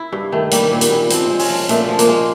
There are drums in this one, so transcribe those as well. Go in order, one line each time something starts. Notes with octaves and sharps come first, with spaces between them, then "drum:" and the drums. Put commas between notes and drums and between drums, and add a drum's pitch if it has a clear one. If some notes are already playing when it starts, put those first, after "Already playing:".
Already playing: E4
G2
D#3 A3
G3 A#3, drum: hi-hat
A#2
B3, drum: hi-hat
A#2
F3 C4, drum: hi-hat
G#3
C#4, drum: open hi-hat
F3
A#2 A3, drum: hi-hat
F3
A#3, drum: hi-hat
G#3